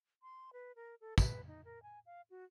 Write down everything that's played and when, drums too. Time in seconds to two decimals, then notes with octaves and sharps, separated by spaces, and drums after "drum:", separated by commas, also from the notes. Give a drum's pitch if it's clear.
0.22 C6
0.53 B4
0.76 A#4
1.01 A4
1.18 B4, drum: kick, tambourine
1.47 D#4
1.65 A#4
1.83 G#5
2.06 F5
2.30 F#4